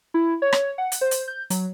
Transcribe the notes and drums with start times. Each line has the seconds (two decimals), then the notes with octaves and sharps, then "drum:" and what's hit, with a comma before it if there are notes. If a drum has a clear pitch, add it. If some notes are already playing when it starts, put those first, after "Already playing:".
0.14 E4
0.42 C#5
0.53 drum: rim click
0.78 F#5
0.92 drum: hi-hat
1.01 C5
1.11 drum: hi-hat
1.28 G6
1.50 F#3, drum: hi-hat